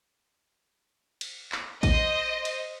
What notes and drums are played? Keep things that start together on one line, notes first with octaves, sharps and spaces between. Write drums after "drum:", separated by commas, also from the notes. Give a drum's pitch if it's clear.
drum: cymbal
drum: clap
C5 D#5, drum: kick A1, cymbal
drum: cymbal